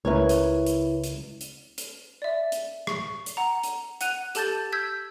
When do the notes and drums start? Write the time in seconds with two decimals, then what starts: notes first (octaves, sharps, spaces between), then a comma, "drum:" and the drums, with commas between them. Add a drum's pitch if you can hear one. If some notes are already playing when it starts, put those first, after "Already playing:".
0.05 C#2 E4 A#4 B4 C#5
0.29 drum: hi-hat
0.66 drum: hi-hat
1.04 drum: hi-hat
1.41 drum: hi-hat
1.78 drum: hi-hat
2.22 D5 E5
2.52 drum: hi-hat
2.87 C#6, drum: rim click
3.26 drum: hi-hat
3.37 F#5 A#5
3.63 drum: hi-hat
4.01 F#5 F#6 D#7 F7, drum: hi-hat
4.35 G4 A4 A5 G6 A6, drum: hi-hat
4.72 E6 G6 G#6 B6